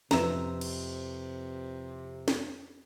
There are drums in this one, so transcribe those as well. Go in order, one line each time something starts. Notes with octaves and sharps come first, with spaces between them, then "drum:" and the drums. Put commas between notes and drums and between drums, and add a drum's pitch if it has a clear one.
F2 C3 E4 B4 E5 A#5, drum: snare
drum: cymbal
drum: snare